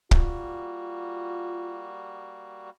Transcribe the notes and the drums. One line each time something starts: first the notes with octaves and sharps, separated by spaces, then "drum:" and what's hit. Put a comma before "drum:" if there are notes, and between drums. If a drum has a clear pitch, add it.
G3 A#3 F4 F#4, drum: kick